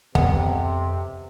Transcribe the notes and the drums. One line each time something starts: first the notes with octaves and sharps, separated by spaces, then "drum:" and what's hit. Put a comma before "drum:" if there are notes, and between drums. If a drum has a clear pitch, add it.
F2 C3 B3, drum: kick